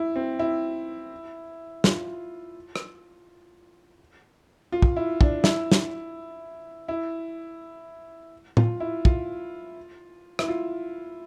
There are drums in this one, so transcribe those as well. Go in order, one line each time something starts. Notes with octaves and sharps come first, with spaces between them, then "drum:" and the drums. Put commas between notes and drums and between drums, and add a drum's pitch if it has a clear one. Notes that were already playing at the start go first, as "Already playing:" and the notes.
Already playing: E4
C4
E4
F4, drum: snare
drum: rim click
F4
drum: kick
E4
D4, drum: kick
E4, drum: snare
drum: snare
E4
F4, drum: tom A2
E4
F4, drum: kick
E4, drum: rim click
F4